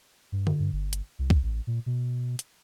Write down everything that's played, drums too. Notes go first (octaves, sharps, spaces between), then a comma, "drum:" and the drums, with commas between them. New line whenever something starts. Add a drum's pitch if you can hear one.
G2
drum: tom D3
G2
G1
drum: hi-hat
C2
drum: kick C2
A1
A#2
B2
drum: hi-hat